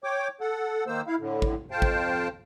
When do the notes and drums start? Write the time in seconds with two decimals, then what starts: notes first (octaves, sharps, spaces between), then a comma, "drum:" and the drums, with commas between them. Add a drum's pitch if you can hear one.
0.04 C#5 G5 D6
0.41 A4 F#5
0.87 D#3 A#3 C5 E6
1.07 E4 F5
1.19 A2 D3
1.42 drum: kick
1.71 F2 C5 F5 G5 A5
1.82 drum: kick